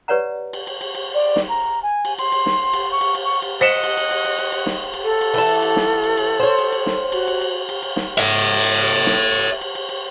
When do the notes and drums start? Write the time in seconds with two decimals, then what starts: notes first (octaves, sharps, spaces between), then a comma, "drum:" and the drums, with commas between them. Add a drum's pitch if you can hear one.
0.08 G4 B4 C#5 D5 F#5 A#5
0.53 drum: cymbal
0.67 drum: cymbal
0.81 drum: cymbal
0.95 drum: cymbal
1.14 D5
1.36 drum: snare
1.49 A#5
1.83 G#5
2.05 drum: cymbal
2.18 C6, drum: cymbal
2.32 drum: cymbal
2.46 drum: snare
2.74 drum: cymbal
2.92 C#6
3.01 drum: cymbal
3.15 drum: cymbal
3.24 C#6
3.42 drum: cymbal
3.61 C5 D#5 F#5 B6 C#7 E7
3.84 drum: cymbal
3.97 drum: cymbal
4.11 drum: cymbal
4.25 drum: cymbal
4.39 drum: cymbal
4.52 drum: cymbal
4.66 drum: snare
4.94 drum: cymbal
5.03 A4
5.21 drum: cymbal
5.34 E3 A5, drum: cymbal
5.49 drum: cymbal
5.62 drum: cymbal
5.76 drum: snare
6.04 drum: cymbal
6.17 drum: cymbal
6.40 C5 C#5
6.59 drum: cymbal
6.73 drum: cymbal
6.86 drum: snare
7.12 F#4, drum: cymbal
7.28 drum: cymbal
7.41 drum: cymbal
7.69 drum: cymbal
7.83 drum: cymbal
7.96 drum: snare
8.18 C#5 E5
8.38 drum: cymbal
8.51 drum: cymbal
8.65 drum: cymbal
8.79 drum: cymbal
8.93 drum: cymbal
9.06 drum: snare
9.34 drum: cymbal
9.48 drum: cymbal
9.61 drum: cymbal
9.75 drum: cymbal
9.89 drum: cymbal